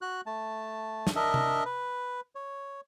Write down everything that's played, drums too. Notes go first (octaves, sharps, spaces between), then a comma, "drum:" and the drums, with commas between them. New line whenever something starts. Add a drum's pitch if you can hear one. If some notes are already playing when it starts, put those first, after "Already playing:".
F#4 F#6
A3 A5
drum: snare
D4 A#4 D#5 E5
drum: tom C3
B4
C#5